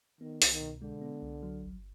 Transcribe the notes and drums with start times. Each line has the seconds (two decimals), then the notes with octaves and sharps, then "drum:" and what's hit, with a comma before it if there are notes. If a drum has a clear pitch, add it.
0.21 D#3 B3
0.42 C2, drum: open hi-hat
0.52 D#3
0.62 B2
0.82 D3 G#3
1.01 B3
1.22 C2
1.43 F#3
1.63 G1